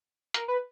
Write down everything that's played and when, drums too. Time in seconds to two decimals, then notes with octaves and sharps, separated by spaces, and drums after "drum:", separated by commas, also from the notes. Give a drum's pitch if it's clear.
0.34 A#4, drum: hi-hat
0.48 B4